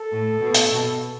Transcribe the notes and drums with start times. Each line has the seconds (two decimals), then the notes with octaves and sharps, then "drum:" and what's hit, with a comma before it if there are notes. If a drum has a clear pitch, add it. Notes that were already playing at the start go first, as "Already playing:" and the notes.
Already playing: A4
0.12 A2
0.41 B2
0.54 drum: hi-hat
0.72 B2